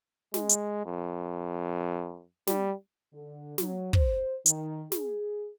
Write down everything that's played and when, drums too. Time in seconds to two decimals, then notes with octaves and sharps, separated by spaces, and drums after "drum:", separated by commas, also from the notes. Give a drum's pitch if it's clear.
0.34 G#3, drum: snare
0.49 drum: hi-hat
0.85 F2
2.47 G3, drum: snare
3.13 D3
3.58 F#3, drum: snare
3.93 C5, drum: kick
4.46 D#3, drum: hi-hat
4.92 G#4, drum: snare